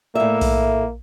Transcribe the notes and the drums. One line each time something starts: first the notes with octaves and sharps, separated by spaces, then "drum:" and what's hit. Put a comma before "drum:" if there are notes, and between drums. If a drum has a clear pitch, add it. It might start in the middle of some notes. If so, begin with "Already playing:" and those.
A2 A#3 E5
drum: kick B1, open hi-hat